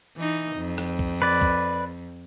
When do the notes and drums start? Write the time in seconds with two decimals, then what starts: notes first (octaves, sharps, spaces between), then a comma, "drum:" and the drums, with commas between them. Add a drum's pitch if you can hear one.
0.17 E3 D#4
0.57 F2
0.78 drum: rim click
0.99 drum: kick
1.22 B4 D5
1.41 drum: kick